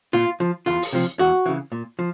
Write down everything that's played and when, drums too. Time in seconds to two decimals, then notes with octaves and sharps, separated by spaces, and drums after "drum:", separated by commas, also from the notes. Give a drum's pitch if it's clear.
0.13 A#2 F4
0.40 F3
0.66 E2 F4
0.82 drum: open hi-hat
0.93 C3 F3
1.19 E2 F#4
1.46 C#3 E3
1.72 A#2
1.99 F3